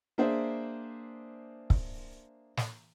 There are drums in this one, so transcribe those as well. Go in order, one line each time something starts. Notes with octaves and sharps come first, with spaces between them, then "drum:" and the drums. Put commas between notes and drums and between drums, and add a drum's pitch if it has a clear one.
A#3 D4 G#4 C5 D5 E5
drum: kick
drum: snare